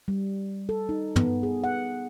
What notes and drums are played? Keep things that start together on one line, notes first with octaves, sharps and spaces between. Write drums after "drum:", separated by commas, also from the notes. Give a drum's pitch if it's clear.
G3
A4
D#4
B3, drum: tom
G#4
F#5